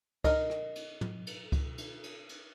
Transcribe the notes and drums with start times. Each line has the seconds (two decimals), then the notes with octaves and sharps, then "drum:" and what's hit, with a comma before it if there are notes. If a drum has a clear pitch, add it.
0.24 A#4 D#5, drum: kick C#2, cymbal
0.50 drum: rim click
0.76 drum: cymbal
1.01 drum: tom
1.27 drum: cymbal
1.52 drum: kick C#2, cymbal
1.78 drum: cymbal
2.03 drum: cymbal
2.29 drum: cymbal